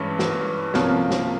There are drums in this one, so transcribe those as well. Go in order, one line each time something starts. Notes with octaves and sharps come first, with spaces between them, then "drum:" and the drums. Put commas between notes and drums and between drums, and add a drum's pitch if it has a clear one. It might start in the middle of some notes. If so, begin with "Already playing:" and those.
Already playing: G2 E3 G#3 C#4
drum: snare
C2 C3 F3 A#3 C#4, drum: snare
drum: snare